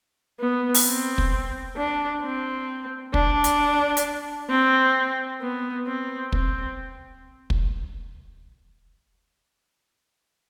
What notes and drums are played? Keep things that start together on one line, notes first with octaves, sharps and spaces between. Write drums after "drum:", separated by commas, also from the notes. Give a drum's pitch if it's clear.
B3
drum: open hi-hat
C4
drum: kick
D4
C4
D4, drum: kick
drum: hi-hat
drum: hi-hat
C4
B3
C4
C4, drum: kick
drum: kick